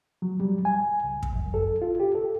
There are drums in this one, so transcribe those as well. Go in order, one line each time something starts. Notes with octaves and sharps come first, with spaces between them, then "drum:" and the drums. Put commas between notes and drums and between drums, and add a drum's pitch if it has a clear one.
F#3
G3
G#5
C#2
drum: kick
F#2
A4
F4
G4
A4